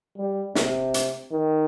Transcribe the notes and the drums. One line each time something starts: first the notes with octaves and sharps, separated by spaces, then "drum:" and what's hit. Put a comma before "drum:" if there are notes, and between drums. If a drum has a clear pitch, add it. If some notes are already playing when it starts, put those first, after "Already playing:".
G3
C3, drum: snare
drum: hi-hat
D#3